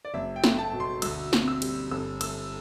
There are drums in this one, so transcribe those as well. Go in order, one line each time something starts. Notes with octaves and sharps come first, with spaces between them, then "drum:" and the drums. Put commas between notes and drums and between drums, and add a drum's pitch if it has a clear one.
D5
F#1 E5
G5
A3, drum: snare
A5
B2
C6
D2 E6, drum: cymbal
C4, drum: snare
E6
G3, drum: cymbal
G1 E6
A3 E6, drum: cymbal